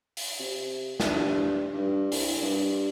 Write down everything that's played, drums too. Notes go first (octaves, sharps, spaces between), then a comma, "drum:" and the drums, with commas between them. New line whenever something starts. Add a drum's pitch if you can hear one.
drum: open hi-hat
C3
G2, drum: snare
G2
C2, drum: open hi-hat
G2